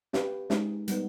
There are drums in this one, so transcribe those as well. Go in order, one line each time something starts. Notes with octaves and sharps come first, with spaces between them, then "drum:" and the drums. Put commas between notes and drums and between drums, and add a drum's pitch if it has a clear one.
C4 G4 B4 F5, drum: snare
G#3 C4 D#4 G#4, drum: snare
G3 B3 D#4, drum: hi-hat